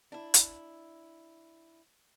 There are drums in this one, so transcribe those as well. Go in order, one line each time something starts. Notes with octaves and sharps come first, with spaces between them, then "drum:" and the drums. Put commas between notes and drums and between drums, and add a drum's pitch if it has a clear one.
D4 E4
drum: hi-hat